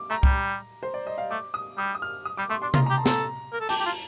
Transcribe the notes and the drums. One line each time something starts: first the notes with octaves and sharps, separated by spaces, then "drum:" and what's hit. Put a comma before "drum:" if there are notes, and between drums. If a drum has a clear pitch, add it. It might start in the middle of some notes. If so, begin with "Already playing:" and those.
Already playing: D6
A3 A#5
G3, drum: kick C2
C5
D5
D#5
F5
A3 D6
D#6
G3 D#6
D#6
F6
D#6
G3 D6
A3 C6
D4 C6
F4 A#5, drum: tom C3
A#5
G4
A5
A4 A#5, drum: snare
A#4
A4
G4 A5, drum: open hi-hat
G4
F4